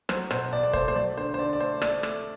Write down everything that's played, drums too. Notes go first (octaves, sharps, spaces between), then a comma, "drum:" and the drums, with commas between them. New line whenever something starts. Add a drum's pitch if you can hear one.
F#3 C5, drum: rim click
B2 C5, drum: rim click
B2 D5
D5
A3 C5, drum: kick
C5
F#3 D5
D3 C5
C5
D3 D5
D5
A3 C5
A3 D5, drum: rim click
A3, drum: rim click